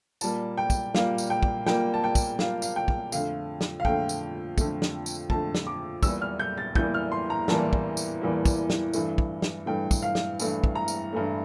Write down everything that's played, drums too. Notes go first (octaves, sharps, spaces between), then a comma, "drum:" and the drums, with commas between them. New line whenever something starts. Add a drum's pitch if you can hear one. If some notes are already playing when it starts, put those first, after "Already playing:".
A#2 G3 A#3 A5, drum: tambourine
G5
drum: kick, tambourine
A#2 G3 A#3 F5, drum: snare
drum: tambourine
G5
drum: kick
A#2 G3 A#3 G5, drum: snare
A5
G5
drum: kick, tambourine
A#2 G3 A#3 F5, drum: snare
F5, drum: tambourine
G5
drum: kick
F2 D3 A3 F5, drum: tambourine
drum: snare
F5
F2 D3 A3 G5, drum: kick
drum: tambourine
F2 D3 A3, drum: kick, tambourine
drum: snare
drum: tambourine
F2 D3 A3 A5, drum: kick
drum: snare
D6
E2 E3 G3 A#3 E6, drum: kick, tambourine
F6
G6
A6
E2 E3 G3 A#3 G6, drum: kick
F6
C6
A#5
E2 E3 G3 A#3 A5, drum: snare
drum: kick
drum: tambourine
E2 E3 G3 A#3
drum: kick, tambourine
drum: snare
G2 E3 A3, drum: tambourine
drum: kick
drum: snare
G2 E3 A3 G5
drum: kick, tambourine
F5
drum: snare
G2 E3 A3, drum: tambourine
drum: kick
A#5
drum: tambourine
G2 E3 A3